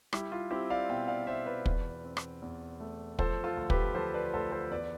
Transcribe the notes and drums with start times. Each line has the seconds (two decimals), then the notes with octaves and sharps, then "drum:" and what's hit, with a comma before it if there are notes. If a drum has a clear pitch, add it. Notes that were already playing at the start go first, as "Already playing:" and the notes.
0.13 G3 E4 G4, drum: rim click
0.32 F4
0.51 C4 E4 G4
0.70 D5 F5
0.89 B2 E5 G5
1.08 D5 F5
1.27 B2 C5 E5
1.46 B4 D5
1.66 E2, drum: kick
2.04 C4
2.17 drum: rim click
2.42 E2
2.80 A3
3.19 F3 A4 C5, drum: kick
3.44 F4 A4
3.57 D2
3.70 G4 B4, drum: kick
3.95 F3 A4 C5
4.14 B4 D5
4.34 D2 A4 C5
4.52 A4 C5
4.71 E2 B4 D5